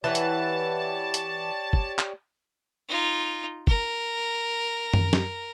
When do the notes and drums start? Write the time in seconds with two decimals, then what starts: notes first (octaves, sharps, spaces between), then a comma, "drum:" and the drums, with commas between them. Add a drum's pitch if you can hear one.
0.04 E3 G4 B4 C#5 D5 F#5 A5
0.15 drum: hi-hat
1.14 drum: hi-hat
1.73 drum: kick
1.99 drum: clap
2.89 D#4 F4
3.67 A#4, drum: kick
4.94 drum: tom F#2
5.13 drum: snare